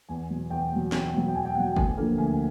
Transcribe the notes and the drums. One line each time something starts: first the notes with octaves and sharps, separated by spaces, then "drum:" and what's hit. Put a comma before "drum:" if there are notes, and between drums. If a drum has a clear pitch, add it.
E2 G#5
B2 F#3
E2 G5
B2 F#3
E2 G#5, drum: snare
B2 F#3
G5
E2 G#5
G5
B2 F#3 F#5
G5
D2 G#5, drum: kick G1
D3 F3 A#3
D2 G#5